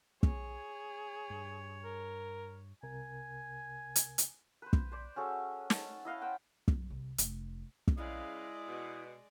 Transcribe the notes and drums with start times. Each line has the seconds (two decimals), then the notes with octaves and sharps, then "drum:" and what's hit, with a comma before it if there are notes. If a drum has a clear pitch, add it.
0.23 G#4 C#5, drum: kick
1.30 G2
1.85 A#4
2.83 C2 C3 A#4 G#5
3.96 drum: hi-hat
4.18 drum: hi-hat
4.62 B4 C5
4.73 drum: kick
4.92 C5 D5
5.16 C#4 F#4 G#4 A4
5.70 A5, drum: snare
6.05 E4 D#5 F5 F#5
6.21 C5 F#5 G5
6.68 F#2, drum: kick
6.90 C2
7.18 F1, drum: hi-hat
7.88 drum: kick
7.98 C#3 G#3 E4 B4 D5 D#5 F5
8.68 B2